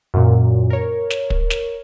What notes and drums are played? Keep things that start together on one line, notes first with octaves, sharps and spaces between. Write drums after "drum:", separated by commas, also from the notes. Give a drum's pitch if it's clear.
F#2 A#2
A#4 C#5
drum: snare
drum: kick
drum: snare